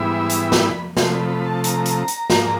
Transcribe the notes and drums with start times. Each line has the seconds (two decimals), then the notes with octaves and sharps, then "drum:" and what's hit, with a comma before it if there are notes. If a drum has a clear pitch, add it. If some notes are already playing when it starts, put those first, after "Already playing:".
Already playing: G#2 E3 G3 B3 E4 B5
0.30 drum: hi-hat
0.52 drum: snare
0.97 C3 F3 A3 C6, drum: snare
1.13 B5
1.30 B5
1.46 A5
1.64 A#5, drum: hi-hat
1.86 drum: hi-hat
2.08 drum: hi-hat
2.30 G#2 F3 A#3, drum: snare